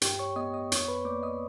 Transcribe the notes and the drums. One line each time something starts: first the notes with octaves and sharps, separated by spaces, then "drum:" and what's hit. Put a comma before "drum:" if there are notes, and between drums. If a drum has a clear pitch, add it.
G2 G4 G5, drum: hi-hat
C#5 C#6
B3 D#5 D#6
D#5 D#6
F2 C#5 C#6, drum: hi-hat
B4 B5
A#3 D5 D6
D#5 D#6